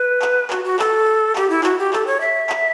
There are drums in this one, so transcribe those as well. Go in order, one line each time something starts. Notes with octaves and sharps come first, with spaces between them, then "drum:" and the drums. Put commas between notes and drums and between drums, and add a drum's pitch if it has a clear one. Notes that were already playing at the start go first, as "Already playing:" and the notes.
Already playing: B4
drum: clap
F#4, drum: clap
F#4
A4, drum: clap
G4, drum: clap
E4
F#4, drum: clap
G4
A4, drum: clap
C#5
E5
drum: clap